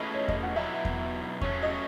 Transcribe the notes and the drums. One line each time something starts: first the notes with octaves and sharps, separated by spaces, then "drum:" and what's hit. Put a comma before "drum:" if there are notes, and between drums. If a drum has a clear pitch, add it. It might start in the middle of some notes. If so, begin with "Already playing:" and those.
Already playing: A3 C#4 E4 G#4 B4 D#5
C#5
D#5, drum: kick E2
F#5
B2 F#3 B3 E4 E5
drum: kick E2
F#3 A3 C#4 C#5, drum: kick E2
D#5